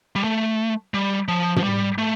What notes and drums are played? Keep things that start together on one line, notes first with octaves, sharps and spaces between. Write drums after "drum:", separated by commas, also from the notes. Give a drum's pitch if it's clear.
G3
A3
G3
F3
F3, drum: tom
G3
A3